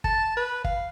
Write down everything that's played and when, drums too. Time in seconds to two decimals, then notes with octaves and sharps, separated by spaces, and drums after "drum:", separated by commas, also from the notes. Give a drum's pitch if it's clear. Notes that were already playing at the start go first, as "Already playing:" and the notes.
0.04 A5, drum: kick
0.37 B4
0.64 F5, drum: kick